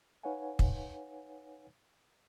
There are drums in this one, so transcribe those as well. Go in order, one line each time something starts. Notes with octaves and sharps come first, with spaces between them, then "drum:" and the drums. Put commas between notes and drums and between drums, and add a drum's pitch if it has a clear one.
D#4 B4 C#5 F5 F#5 G#5
drum: kick